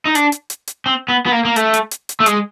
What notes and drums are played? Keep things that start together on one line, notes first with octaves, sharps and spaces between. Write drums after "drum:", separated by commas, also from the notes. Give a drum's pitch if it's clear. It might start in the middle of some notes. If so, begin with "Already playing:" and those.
D#4
D4, drum: hi-hat
drum: hi-hat
drum: hi-hat
drum: hi-hat
C4
B3
B3
A#3
A#3
A3, drum: hi-hat
drum: hi-hat
drum: hi-hat
drum: hi-hat
A3
G#3, drum: hi-hat